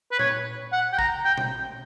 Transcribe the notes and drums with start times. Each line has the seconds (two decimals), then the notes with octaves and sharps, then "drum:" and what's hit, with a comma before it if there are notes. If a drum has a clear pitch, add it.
0.12 B4
0.19 C#5, drum: tom A#2
0.72 F#5
0.93 G5
0.99 A#5, drum: kick A1
1.25 G5
1.38 drum: tom B2